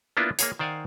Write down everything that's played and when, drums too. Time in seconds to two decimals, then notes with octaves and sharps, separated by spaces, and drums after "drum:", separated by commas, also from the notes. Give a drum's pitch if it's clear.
0.17 A#3 B3 D4 E4 F4
0.39 A#3 G#4 C#5, drum: hi-hat
0.59 D#3 C5 D5 F5 F#5 G#5